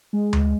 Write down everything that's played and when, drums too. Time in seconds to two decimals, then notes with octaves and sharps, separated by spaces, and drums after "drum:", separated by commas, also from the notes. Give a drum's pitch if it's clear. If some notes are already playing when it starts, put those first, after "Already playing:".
0.13 G#3
0.33 drum: tom D2